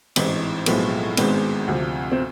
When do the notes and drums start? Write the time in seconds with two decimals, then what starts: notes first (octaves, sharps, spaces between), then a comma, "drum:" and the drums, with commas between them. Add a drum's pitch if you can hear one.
0.16 A1 G#2 E3 C4, drum: cymbal
0.66 B1 A2 F3 G#3 B3, drum: cymbal
1.17 G#1 G#2 G#3 B3 C4, drum: cymbal
1.67 D2 C3 F3
2.12 C4